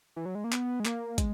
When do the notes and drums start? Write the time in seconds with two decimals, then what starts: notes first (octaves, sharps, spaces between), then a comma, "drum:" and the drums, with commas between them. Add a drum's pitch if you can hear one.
0.16 E3
0.26 F#3
0.35 G#3
0.44 A#3
0.53 B3, drum: clap
0.80 G#3
0.86 A#3, drum: clap
1.18 G#3, drum: kick, hi-hat